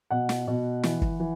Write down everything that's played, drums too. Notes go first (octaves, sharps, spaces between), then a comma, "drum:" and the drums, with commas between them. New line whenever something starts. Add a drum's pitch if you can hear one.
B2 F#5
drum: snare
B2
E3, drum: snare
drum: kick
E3